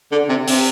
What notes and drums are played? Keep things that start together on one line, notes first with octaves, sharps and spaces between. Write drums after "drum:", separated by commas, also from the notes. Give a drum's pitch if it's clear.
D3
C3
C3, drum: open hi-hat